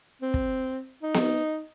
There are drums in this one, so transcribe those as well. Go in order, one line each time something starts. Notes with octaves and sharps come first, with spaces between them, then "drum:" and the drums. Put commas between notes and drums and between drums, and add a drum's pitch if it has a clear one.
C4
drum: kick
D#4
drum: snare B3